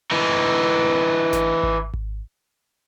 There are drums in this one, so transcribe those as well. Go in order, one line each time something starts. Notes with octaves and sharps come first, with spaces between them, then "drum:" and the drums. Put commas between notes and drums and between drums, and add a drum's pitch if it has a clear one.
E3 D#4
drum: snare G#1
drum: kick G#1
drum: kick G#1